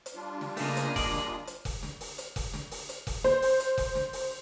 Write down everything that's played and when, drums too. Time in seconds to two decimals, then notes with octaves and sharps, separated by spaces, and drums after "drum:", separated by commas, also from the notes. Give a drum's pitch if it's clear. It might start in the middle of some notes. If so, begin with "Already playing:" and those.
0.06 drum: hi-hat
0.15 G3 D4 F4
0.41 drum: snare
0.57 C#3 A3 A#3 G#4 D#5, drum: open hi-hat
0.77 drum: hi-hat
0.96 D5, drum: kick F1, open hi-hat
1.12 drum: snare
1.47 drum: hi-hat
1.65 drum: kick F1, open hi-hat
1.83 drum: snare
2.01 drum: open hi-hat
2.18 drum: hi-hat
2.36 drum: kick F1, open hi-hat
2.54 drum: snare
2.71 drum: open hi-hat
2.89 drum: hi-hat
3.07 drum: kick F1, open hi-hat
3.24 C5, drum: snare
3.42 drum: open hi-hat
3.60 drum: hi-hat
3.78 drum: kick F1, open hi-hat
3.95 drum: snare
4.13 drum: open hi-hat